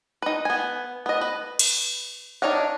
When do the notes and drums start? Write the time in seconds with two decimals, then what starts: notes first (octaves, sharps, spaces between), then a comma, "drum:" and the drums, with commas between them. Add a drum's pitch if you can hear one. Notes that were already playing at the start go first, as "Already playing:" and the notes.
0.22 D#4 B4
0.45 B3 G#5
1.06 B3 D#5
1.21 B4
1.59 drum: cymbal
2.42 D4 D#4 C#5 F5 F#5